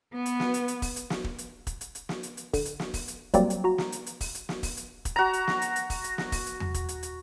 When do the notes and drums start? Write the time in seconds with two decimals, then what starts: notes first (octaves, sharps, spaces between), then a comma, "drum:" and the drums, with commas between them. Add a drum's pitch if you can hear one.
0.14 B3 B4
0.26 drum: hi-hat
0.40 drum: snare
0.54 drum: hi-hat
0.68 drum: hi-hat
0.82 drum: kick, open hi-hat
0.96 drum: hi-hat
1.10 drum: snare
1.24 drum: kick
1.38 drum: hi-hat
1.67 drum: kick, hi-hat
1.81 drum: hi-hat
1.95 drum: hi-hat
2.09 drum: snare
2.23 drum: hi-hat
2.37 drum: hi-hat
2.54 D3, drum: kick, open hi-hat
2.65 drum: hi-hat
2.80 drum: snare
2.94 drum: kick, open hi-hat
3.08 drum: hi-hat
3.34 F#3 G3 A#3 C4 D5, drum: kick, hi-hat
3.50 drum: hi-hat
3.64 F#4 A#5
3.78 drum: snare
3.92 drum: hi-hat
4.06 drum: hi-hat
4.21 drum: kick, open hi-hat
4.35 drum: hi-hat
4.49 drum: snare
4.63 drum: kick, open hi-hat
4.77 drum: hi-hat
5.05 drum: kick, hi-hat
5.16 F#4 A#5
5.33 drum: hi-hat
5.47 drum: snare
5.62 drum: hi-hat
5.76 drum: hi-hat
5.90 drum: kick, open hi-hat
6.04 drum: hi-hat
6.18 drum: snare
6.32 drum: kick, open hi-hat
6.46 drum: hi-hat
6.60 drum: tom E2
6.74 drum: kick, hi-hat
6.89 drum: hi-hat
7.03 drum: hi-hat